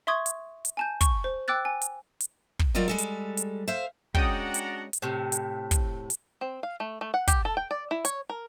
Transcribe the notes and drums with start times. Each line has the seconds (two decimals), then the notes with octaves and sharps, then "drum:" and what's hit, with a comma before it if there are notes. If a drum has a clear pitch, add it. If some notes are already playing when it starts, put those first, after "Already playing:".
0.07 E5 C6 C#6 D#6 G#6
0.26 drum: hi-hat
0.65 drum: hi-hat
0.77 G#5 A5 G6
1.01 C#6, drum: kick, hi-hat
1.24 C5
1.48 G5 D6 E6 F#6 A6
1.65 G#5
1.81 drum: hi-hat
2.20 drum: hi-hat
2.59 drum: kick
2.75 F#3 G3 F4 A#4 D5 D#5
2.88 G3 G#3 A4
2.98 drum: hi-hat
3.37 drum: hi-hat
3.68 C5 E5 F5
4.14 G#3 C#4 D4 F#4 F#5 G5 A#5 D#6, drum: kick
4.54 drum: hi-hat
4.93 drum: hi-hat
5.02 A2 C3
5.32 drum: hi-hat
5.71 drum: kick, hi-hat
6.10 drum: hi-hat
6.41 C4
6.63 F5
6.80 A3
7.01 A3
7.14 F#5
7.28 G4, drum: kick, hi-hat
7.45 A4
7.57 G5
7.71 D5
7.91 E4
8.05 C#5, drum: hi-hat
8.29 A#4